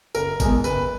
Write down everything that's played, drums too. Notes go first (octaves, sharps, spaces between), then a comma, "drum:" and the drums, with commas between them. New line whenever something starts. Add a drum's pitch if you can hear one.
F#1 A#4, drum: tambourine
E2 B2 G#3, drum: kick G#1, tambourine
F#1 B4, drum: tambourine